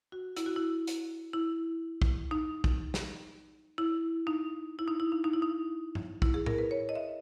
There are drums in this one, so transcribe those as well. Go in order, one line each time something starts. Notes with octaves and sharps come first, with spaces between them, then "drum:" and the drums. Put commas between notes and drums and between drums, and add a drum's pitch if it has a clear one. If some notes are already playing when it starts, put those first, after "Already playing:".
F#4
E4, drum: hi-hat
F#4
E4
drum: hi-hat
E4
drum: kick
D#4
drum: kick
drum: snare
E4
D#4
E4
D#4
E4
D#4
D#4
E4
D#4
drum: tom
E4, drum: kick
G#4
A#4, drum: tom
B4
C#5
D#5
E5